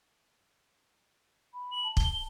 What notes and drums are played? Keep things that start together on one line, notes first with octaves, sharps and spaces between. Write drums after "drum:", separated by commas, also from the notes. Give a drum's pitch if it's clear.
B5
F#7
A5
G7, drum: kick